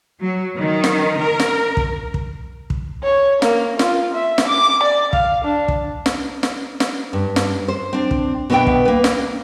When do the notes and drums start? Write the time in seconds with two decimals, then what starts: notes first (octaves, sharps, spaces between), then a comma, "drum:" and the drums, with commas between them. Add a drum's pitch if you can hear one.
0.21 F#3
0.58 D#3
0.84 drum: snare
1.22 A#4
1.40 drum: snare
1.77 drum: kick
2.14 drum: kick
2.70 drum: kick
3.04 C#5
3.42 A#3, drum: snare
3.79 F4, drum: snare
4.14 E5
4.38 drum: snare
4.47 D6
4.83 D5
5.13 F5, drum: kick
5.44 D4
5.68 drum: kick
6.06 drum: snare
6.43 drum: snare
6.80 drum: snare
7.13 G2
7.36 drum: snare
7.68 C5
7.93 C4 D4
8.11 drum: kick
8.50 B2 B3 D4 A4 E5 G5
8.67 drum: kick
8.85 A#3 B4
9.04 drum: snare